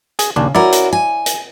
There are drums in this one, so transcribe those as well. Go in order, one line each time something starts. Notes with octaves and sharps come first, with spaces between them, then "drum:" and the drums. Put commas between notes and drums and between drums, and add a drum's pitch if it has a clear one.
G#4, drum: hi-hat
A#1 D#2 C#3 D4
C#4 E4 F#4 A#4 D5
drum: hi-hat
G#5
drum: hi-hat